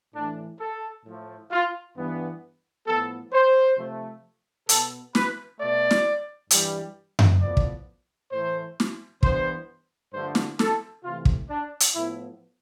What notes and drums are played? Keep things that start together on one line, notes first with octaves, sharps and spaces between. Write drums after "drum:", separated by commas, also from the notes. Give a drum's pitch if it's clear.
A2 E3 A3 D4
A4
A2 F3 A3
F4
G2 E3 B3
A2 F3 B3 A4
C5
C3 F3 A3
B2 B3 A4, drum: hi-hat
B4, drum: snare
B2 A3 D5
drum: snare
G2 E3 G3, drum: hi-hat
drum: tom F#2
A2 F3 B3 D5
drum: kick
A2 E3 A3 C5
drum: snare
G2 E3 B3 C5, drum: kick
G2 D3 F3 A3 C5
drum: snare
A4, drum: snare
C3 E3 A3 F4
drum: kick
D4
drum: hi-hat
A2 F3 B3 E4